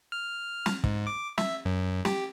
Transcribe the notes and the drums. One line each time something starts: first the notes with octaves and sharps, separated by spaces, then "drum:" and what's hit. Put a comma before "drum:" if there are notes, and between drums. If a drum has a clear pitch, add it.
F6
drum: snare
G#2, drum: kick
D6
E5, drum: snare
F#2
G4, drum: snare